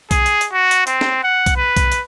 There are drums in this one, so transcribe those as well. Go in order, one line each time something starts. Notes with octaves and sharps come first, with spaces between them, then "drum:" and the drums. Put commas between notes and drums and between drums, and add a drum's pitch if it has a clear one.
G#4, drum: kick B1, hi-hat
drum: hi-hat
drum: hi-hat
F#4
drum: hi-hat
C4, drum: hi-hat
drum: snare
F#5
drum: kick B1, hi-hat
B4
drum: kick B1, hi-hat
drum: hi-hat